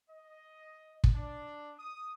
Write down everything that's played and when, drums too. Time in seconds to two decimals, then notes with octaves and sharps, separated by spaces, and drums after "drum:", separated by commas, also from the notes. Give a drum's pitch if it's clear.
0.10 D#5
1.04 drum: kick
1.15 D4
1.79 D#6